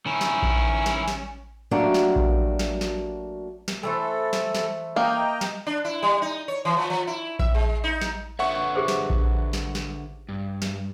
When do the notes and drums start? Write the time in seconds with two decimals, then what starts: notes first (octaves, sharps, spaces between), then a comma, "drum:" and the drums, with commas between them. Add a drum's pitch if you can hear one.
0.06 D#3 C#4 E4
0.21 drum: snare
0.43 drum: kick A#1
0.86 drum: snare
1.08 drum: snare
1.71 F#3 A3 A#3 D4 F#4 G4
1.94 drum: snare
2.16 drum: kick A#1
2.59 drum: snare
2.81 drum: snare
3.68 drum: snare
3.83 E3 A3 A4 C5
4.33 drum: snare
4.55 drum: snare
4.96 A#3 D#5 G5 A#5
5.41 drum: snare
5.67 D4
5.85 E4
6.02 G3
6.22 D#4
6.48 C#5
6.65 E3
6.77 F3
6.90 F3
7.07 E4
7.39 E5, drum: kick A#1
7.55 G#3
7.84 D#4
8.01 drum: snare
8.39 D3 B4 C#5 E5 F#5 C#6
8.75 G4 G#4 C5
8.88 drum: snare
9.10 drum: kick A#1
9.53 drum: snare
9.75 drum: snare
10.29 G2
10.62 drum: snare